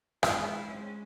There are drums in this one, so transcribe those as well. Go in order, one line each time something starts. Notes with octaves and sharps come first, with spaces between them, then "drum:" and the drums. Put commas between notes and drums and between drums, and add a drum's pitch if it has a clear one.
G#3 F4, drum: rim click
E4
G#3 C#4
C4
C#4